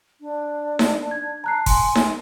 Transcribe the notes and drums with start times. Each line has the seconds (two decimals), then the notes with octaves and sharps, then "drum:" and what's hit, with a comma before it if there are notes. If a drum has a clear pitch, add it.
0.21 D4
0.79 drum: snare D#4
1.11 G#6
1.44 A5 A#5 F#6 C7
1.66 G#5 C6, drum: kick, open hi-hat
1.95 drum: snare D#4